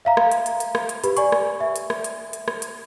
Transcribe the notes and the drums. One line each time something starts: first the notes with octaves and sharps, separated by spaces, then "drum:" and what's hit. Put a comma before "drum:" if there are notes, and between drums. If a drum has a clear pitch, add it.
E5 F5 A#5
drum: rim click
drum: hi-hat
drum: hi-hat
drum: hi-hat
drum: rim click
drum: hi-hat
G4 B4 B5, drum: hi-hat
D5 G#5 C#6, drum: hi-hat
drum: rim click
E5
drum: hi-hat
drum: rim click
drum: hi-hat
drum: hi-hat
drum: rim click
drum: hi-hat